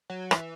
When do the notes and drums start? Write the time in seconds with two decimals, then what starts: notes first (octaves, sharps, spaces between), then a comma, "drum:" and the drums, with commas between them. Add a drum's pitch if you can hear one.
0.10 F#3
0.31 E3, drum: rim click